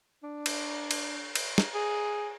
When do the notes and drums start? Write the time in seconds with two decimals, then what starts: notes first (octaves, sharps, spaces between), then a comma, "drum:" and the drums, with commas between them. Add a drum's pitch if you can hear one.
0.23 D4
0.46 drum: cymbal
0.91 drum: cymbal
1.35 drum: cymbal
1.58 drum: snare
1.74 G#4